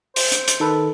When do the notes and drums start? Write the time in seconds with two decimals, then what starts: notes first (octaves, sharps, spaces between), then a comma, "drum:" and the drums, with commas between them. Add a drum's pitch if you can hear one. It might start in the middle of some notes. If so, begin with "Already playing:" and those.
0.16 C5, drum: open hi-hat
0.32 drum: hi-hat
0.48 drum: hi-hat
0.60 D#3 A4 B4